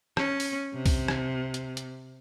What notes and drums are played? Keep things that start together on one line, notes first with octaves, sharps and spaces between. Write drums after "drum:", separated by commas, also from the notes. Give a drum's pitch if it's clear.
C#4, drum: rim click
drum: open hi-hat
C3
drum: kick B1, open hi-hat
drum: rim click
drum: hi-hat
drum: hi-hat